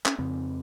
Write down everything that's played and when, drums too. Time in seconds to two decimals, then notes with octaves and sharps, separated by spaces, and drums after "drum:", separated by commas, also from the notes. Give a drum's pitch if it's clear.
0.06 C#4, drum: clap
0.18 F2 C#3 C4